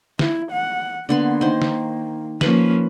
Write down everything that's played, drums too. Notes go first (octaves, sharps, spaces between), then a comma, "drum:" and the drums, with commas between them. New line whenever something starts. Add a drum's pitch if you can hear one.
E4, drum: snare
F#5
D3 A#3 B3 C6
D#3 C5
drum: snare
F3 A#3 C#4 B4, drum: snare